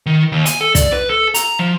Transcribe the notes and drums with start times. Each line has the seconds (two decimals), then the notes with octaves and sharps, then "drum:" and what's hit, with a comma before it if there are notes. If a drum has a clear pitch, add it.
0.06 D#3
0.32 D#2
0.46 G#5, drum: hi-hat
0.61 A4
0.75 D5, drum: kick, hi-hat
0.93 B4
1.10 A4
1.34 A#5, drum: hi-hat
1.59 F3